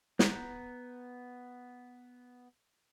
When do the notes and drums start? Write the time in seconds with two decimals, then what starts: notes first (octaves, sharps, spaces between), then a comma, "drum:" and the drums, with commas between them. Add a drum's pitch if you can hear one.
0.19 B3 A#5 F#6 G6, drum: snare